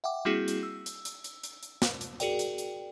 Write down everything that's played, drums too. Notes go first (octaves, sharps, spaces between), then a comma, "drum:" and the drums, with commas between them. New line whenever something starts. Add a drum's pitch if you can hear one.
E5 F#5 G5 D6
G3 A#3 C4 E4 F#4 G#4
drum: hi-hat
E6
drum: hi-hat
drum: hi-hat
drum: hi-hat
drum: hi-hat
drum: hi-hat
drum: snare
drum: hi-hat
F#4 G#4 A#4 D5 G5, drum: hi-hat
drum: hi-hat
drum: hi-hat